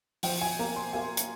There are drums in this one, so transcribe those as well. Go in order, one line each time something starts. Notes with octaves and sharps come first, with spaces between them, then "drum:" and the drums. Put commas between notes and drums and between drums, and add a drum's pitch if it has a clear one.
F3 G5, drum: open hi-hat
G#5
A#3 A#5
C6
A#3 G#5
drum: hi-hat